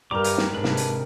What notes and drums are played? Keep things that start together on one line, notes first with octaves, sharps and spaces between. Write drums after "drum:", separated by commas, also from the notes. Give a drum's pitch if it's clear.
G2 G3 G4 A#4 A#5 D6
drum: hi-hat
drum: snare
G#2 C3 D4 B4
drum: snare
drum: hi-hat